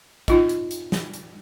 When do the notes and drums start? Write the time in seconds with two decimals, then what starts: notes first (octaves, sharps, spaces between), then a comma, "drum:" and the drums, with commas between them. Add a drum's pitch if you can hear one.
0.28 D#4 F4 D#5, drum: kick, hi-hat
0.49 drum: hi-hat
0.71 drum: hi-hat
0.92 drum: snare
1.14 drum: hi-hat